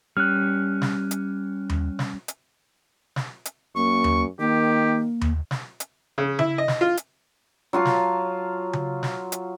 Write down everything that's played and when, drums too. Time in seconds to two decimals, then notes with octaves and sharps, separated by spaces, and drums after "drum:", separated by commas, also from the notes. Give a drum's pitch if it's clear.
0.17 G3 C#4 F6 F#6
0.82 drum: snare
1.11 drum: hi-hat
1.70 drum: tom D#2
1.99 drum: snare
2.28 drum: hi-hat
3.16 drum: snare
3.45 drum: hi-hat
3.76 F#2 A#3 C#6
4.04 drum: tom D#2
4.40 D#3 A#3 G4
5.21 drum: tom D#2
5.51 drum: snare
5.80 drum: hi-hat
6.18 C#3
6.39 E4, drum: tom C#3
6.58 D#5
6.68 drum: snare
6.81 F4
6.97 drum: hi-hat
7.73 F#3 F4 F5 A5
7.85 drum: snare
8.73 drum: tom C#3
9.03 drum: snare
9.32 drum: hi-hat